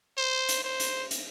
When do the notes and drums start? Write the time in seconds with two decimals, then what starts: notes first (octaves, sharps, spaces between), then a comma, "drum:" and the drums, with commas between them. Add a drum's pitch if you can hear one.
0.18 C5
0.49 drum: hi-hat
0.64 C5
0.80 drum: hi-hat
1.11 drum: hi-hat